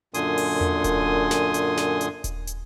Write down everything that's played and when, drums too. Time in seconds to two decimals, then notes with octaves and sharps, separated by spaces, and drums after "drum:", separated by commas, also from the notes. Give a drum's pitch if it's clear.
0.14 F#2 A#2 D3 G#5 C6 D#6, drum: hi-hat
0.38 drum: open hi-hat
0.61 drum: tom E2
0.84 drum: kick D#1, hi-hat
1.31 drum: snare
1.54 drum: hi-hat
1.77 drum: snare
2.01 drum: hi-hat
2.24 drum: kick D#1, hi-hat
2.47 drum: hi-hat